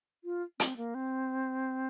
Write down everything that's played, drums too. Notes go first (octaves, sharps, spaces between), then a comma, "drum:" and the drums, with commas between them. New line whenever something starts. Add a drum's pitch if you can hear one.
F4
C4, drum: hi-hat
A#3
C4